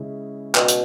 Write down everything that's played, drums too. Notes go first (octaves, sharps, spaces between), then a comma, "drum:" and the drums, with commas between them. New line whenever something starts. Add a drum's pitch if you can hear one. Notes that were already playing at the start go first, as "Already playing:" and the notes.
Already playing: C#3 G#3 C#4 E4 G#4
B2, drum: clap
drum: hi-hat